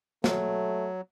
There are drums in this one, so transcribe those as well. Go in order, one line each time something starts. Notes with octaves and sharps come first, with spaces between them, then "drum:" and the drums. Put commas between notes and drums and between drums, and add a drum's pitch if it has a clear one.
F#3 A3, drum: snare